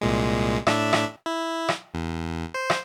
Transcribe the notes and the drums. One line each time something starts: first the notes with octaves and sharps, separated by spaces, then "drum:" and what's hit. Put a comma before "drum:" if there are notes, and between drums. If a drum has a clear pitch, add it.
C2 A#2 G#3
A2 D4 E5, drum: rim click
drum: rim click
E4
drum: rim click
E2
C5
drum: rim click